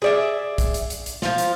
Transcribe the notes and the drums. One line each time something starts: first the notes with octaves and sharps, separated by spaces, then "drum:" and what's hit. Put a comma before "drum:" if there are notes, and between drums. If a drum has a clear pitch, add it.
G#4 D5 E5
drum: kick, hi-hat
drum: hi-hat
drum: hi-hat
drum: hi-hat
F3 F4, drum: snare
drum: hi-hat